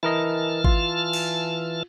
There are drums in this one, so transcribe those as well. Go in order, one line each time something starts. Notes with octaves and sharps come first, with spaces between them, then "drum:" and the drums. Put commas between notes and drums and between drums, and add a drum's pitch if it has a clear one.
E3 E4 A#4 D#5 A5 F6
F4, drum: kick
drum: cymbal